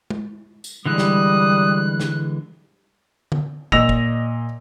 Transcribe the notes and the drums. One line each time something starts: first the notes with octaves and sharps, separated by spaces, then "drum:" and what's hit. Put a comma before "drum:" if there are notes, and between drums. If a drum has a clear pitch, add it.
drum: tom
drum: tambourine
D3 E3 G3 G#3 D#6 F#6
drum: snare
drum: snare
drum: tom D3
A#2 D#5 E6 A#6 F7, drum: kick
drum: kick